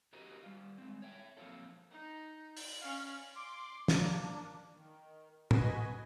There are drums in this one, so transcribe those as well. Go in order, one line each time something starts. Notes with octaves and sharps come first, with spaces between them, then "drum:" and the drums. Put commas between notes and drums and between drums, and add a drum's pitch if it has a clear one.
F#4 G4 A#4 C5 D#5
G3 F4
G#3 C4
C#5 E5 G5
F3 F#3 A#3 C4 F4 A4
D#4
drum: open hi-hat
C#4 F5
C6 D6
A#3 D4, drum: snare
D#3
F#4 B4 D#5 G#5, drum: tom